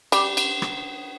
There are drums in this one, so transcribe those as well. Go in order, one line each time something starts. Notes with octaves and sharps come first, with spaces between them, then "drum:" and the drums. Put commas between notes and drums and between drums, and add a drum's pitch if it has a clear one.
G3, drum: cymbal
drum: cymbal
drum: rim click